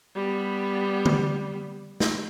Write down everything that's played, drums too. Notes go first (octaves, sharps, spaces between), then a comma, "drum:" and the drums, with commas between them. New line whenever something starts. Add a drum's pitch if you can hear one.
G3 B3
drum: tom D3
drum: snare